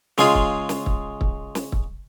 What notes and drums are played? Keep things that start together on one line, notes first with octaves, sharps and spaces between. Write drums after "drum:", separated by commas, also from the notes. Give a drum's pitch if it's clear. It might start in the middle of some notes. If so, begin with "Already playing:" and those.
C#3 G#3 F4 G#4, drum: snare
drum: kick
drum: snare
drum: kick
drum: kick
drum: snare
drum: kick